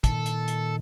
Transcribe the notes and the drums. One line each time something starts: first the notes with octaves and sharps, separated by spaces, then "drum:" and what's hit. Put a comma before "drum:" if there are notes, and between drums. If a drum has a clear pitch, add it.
A#2 D#3 A4, drum: kick, hi-hat
drum: hi-hat
drum: hi-hat